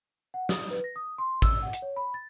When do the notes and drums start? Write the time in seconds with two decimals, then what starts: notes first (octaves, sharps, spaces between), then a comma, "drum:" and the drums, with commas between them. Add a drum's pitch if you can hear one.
0.34 F#5
0.49 D#6, drum: snare
0.71 B4
0.84 A#6
0.96 D#6
1.18 C6
1.42 E6, drum: kick G#1, hi-hat
1.63 F#5
1.73 drum: hi-hat
1.82 C#5
1.96 B5
2.14 A6